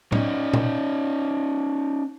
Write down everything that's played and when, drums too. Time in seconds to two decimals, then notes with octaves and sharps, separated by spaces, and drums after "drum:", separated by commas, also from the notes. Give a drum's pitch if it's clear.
0.12 C#4 D#4, drum: tom A2
0.54 drum: tom A#2